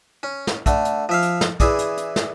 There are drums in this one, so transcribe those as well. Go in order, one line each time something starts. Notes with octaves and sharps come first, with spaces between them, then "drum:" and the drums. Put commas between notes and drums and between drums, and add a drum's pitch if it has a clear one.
C#4
drum: snare
D3 A3, drum: kick, hi-hat
drum: hi-hat
F3 E5 F5
drum: hi-hat
drum: snare
E3 E4 G#4 D5, drum: kick, hi-hat
drum: hi-hat
drum: hi-hat
drum: snare